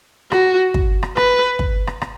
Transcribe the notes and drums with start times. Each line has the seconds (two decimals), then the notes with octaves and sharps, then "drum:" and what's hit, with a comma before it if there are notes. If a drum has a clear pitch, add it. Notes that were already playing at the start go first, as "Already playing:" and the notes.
0.32 F#4, drum: rim click
0.74 drum: kick
1.03 drum: rim click
1.17 B4, drum: rim click
1.59 drum: kick
1.87 drum: rim click
2.01 drum: rim click